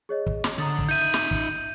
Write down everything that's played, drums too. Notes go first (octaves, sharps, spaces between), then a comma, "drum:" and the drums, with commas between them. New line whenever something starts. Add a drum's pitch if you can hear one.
G#4 C#5 D#5
drum: kick
drum: snare
D3 A#5 D#6 A6
drum: kick
D#4 E5 G6 D#7
drum: snare
drum: kick